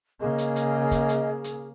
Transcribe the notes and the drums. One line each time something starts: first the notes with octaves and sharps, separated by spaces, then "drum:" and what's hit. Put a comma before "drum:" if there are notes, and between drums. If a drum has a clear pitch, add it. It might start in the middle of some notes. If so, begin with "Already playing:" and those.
C#3 A#3 G#4 D#5
drum: hi-hat
drum: hi-hat
drum: kick, hi-hat
drum: hi-hat
drum: hi-hat